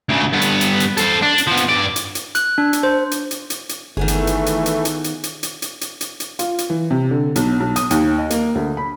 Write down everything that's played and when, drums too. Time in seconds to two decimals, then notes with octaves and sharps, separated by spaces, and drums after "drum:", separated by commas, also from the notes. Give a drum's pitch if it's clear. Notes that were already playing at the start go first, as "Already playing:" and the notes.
0.09 D2 C#3
0.32 G2 B3
0.42 drum: hi-hat
0.61 drum: hi-hat
0.80 drum: hi-hat
0.97 A4 C5, drum: hi-hat
1.22 D4
1.38 drum: hi-hat
1.47 F3 B3
1.57 drum: hi-hat
1.69 G2 D5
1.96 drum: hi-hat
2.15 drum: hi-hat
2.35 F#6, drum: hi-hat
2.58 D4
2.73 drum: hi-hat
2.83 C5
3.11 drum: hi-hat
3.31 drum: hi-hat
3.50 drum: hi-hat
3.69 drum: hi-hat
3.97 G1 D#3 E3 A3 B3 G#4
4.08 drum: hi-hat
4.27 drum: hi-hat
4.46 drum: hi-hat
4.66 drum: hi-hat
4.85 drum: hi-hat
5.04 drum: hi-hat
5.23 drum: hi-hat
5.43 drum: hi-hat
5.62 drum: hi-hat
5.81 drum: hi-hat
6.01 drum: hi-hat
6.20 drum: hi-hat
6.39 F4, drum: hi-hat
6.58 drum: hi-hat
6.70 E3
6.91 C3
7.11 D3
7.36 B1, drum: hi-hat
7.60 B1
7.76 D#6, drum: hi-hat
7.91 D#2, drum: hi-hat
8.18 D#5
8.30 A#3, drum: hi-hat
8.55 D2
8.77 B5